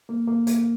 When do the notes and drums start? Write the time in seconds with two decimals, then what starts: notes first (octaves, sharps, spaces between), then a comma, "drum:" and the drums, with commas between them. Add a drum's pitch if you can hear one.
0.09 A#3
0.28 A#3
0.47 A#3, drum: hi-hat